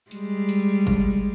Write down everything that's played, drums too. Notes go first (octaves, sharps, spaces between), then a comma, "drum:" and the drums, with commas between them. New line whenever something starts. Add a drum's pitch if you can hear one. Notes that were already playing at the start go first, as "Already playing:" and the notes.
G3 G#3, drum: hi-hat
drum: hi-hat
drum: kick, hi-hat